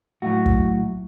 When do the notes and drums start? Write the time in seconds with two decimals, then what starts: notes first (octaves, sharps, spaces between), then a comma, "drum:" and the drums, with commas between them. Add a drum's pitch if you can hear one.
0.22 A2 F#3 F#4
0.46 drum: kick